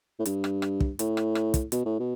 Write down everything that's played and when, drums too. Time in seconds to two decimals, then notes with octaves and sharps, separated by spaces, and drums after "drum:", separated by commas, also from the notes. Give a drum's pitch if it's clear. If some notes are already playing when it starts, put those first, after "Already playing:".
0.19 A2
0.25 G2, drum: hi-hat
0.44 drum: rim click
0.62 drum: rim click
0.80 drum: kick
0.99 A2, drum: hi-hat
1.17 drum: rim click
1.35 drum: rim click
1.54 drum: kick, hi-hat
1.72 B2, drum: hi-hat
1.85 A2
2.00 B2